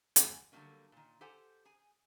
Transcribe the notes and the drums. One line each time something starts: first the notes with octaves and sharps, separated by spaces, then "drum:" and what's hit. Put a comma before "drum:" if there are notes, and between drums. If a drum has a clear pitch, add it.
G#3 C#4 G#5, drum: hi-hat
D3 F#3 G3 A3 A#3 C#4
A#2 D#3
G4 A4 C5 F#5 G#5
G#4 G#5